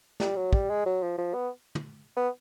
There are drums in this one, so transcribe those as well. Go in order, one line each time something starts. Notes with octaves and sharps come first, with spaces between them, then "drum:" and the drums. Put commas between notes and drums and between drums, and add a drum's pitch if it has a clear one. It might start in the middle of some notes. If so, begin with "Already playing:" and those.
G3, drum: snare
F#3
G3, drum: kick
G#3
F#3
F3
F3
B3
drum: tom
B3